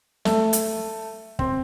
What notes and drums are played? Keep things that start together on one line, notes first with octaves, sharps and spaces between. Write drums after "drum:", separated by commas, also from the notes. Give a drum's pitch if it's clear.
A3, drum: snare
drum: hi-hat
C4, drum: kick